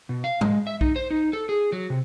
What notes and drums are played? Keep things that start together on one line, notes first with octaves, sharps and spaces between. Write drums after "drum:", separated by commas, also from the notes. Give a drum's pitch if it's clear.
B2
F5
G#3, drum: tom G#2
E5
D#4, drum: kick B1
C5
D#4
A4
G#4
F#3
C3